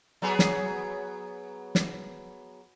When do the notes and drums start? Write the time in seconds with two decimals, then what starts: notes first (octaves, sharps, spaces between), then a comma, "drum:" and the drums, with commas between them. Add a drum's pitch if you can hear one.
0.22 F#3 B3 G#4
0.39 drum: snare
1.75 drum: snare